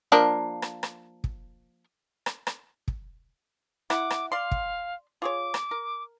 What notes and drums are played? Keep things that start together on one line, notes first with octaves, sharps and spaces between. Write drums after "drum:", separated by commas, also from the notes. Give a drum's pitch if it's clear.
F3 A#3 D4
drum: rim click
drum: rim click
drum: kick
drum: rim click
drum: rim click
drum: kick
E4 F#5 D6, drum: rim click
drum: rim click
D5 F5 C6
drum: kick
F4 G#4 C#5 D6
drum: rim click
A#4